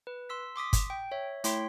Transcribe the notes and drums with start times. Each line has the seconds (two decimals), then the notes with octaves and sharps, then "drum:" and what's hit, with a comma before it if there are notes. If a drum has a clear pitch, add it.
0.07 B4
0.29 C6 E6 B6
0.56 C6 D6 D#6 B6
0.73 drum: kick G1, hi-hat
0.90 G5
1.12 C#5 E5
1.44 A3 E4 C#5 G5 C6 B6, drum: hi-hat